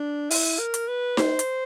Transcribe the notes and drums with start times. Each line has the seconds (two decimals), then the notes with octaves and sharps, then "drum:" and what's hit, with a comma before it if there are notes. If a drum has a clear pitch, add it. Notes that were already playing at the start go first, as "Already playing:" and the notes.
Already playing: D4
0.31 E4, drum: open hi-hat
0.59 A#4
0.74 drum: hi-hat
0.88 B4
1.17 C5, drum: snare D#4
1.39 drum: hi-hat